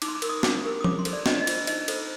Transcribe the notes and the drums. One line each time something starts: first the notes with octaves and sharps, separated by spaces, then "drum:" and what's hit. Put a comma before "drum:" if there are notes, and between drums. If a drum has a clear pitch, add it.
D#4 D6, drum: cymbal
C6
D6
A#4, drum: cymbal
D#6
D4 D6, drum: snare
G4 A#4
D#6
F4 D6, drum: tom
C6
A4 C5, drum: cymbal
D5
D4 D#5, drum: snare
D5
D#5
F4 C5, drum: cymbal
D#4 D#5, drum: cymbal
A4 C5, drum: cymbal